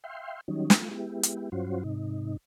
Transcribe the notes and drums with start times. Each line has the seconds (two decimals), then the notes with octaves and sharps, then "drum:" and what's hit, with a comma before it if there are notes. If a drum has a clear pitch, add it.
0.04 E5 F5 G5 C6
0.48 D#3 F#3 G3 C#4 D#4
0.70 drum: snare
0.80 A3 F4
0.91 G#3 B3 E4 G4
1.23 drum: hi-hat
1.52 G2 F#3 C#4 F4 F#4 C5
1.84 G#2 C3 D#4